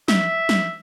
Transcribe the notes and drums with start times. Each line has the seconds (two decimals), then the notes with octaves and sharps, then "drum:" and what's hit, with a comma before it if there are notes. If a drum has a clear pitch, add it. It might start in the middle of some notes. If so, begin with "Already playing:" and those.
0.08 E5, drum: snare
0.49 drum: snare